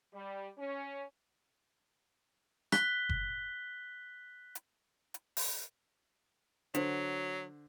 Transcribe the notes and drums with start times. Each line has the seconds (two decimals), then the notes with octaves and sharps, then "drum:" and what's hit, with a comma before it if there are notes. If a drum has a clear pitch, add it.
0.13 G3
0.59 C#4
2.72 F#6 B6 G7, drum: rim click
3.09 drum: kick F#1
4.55 drum: hi-hat
5.14 drum: hi-hat
5.37 drum: open hi-hat
6.74 D3 F#3 C5, drum: hi-hat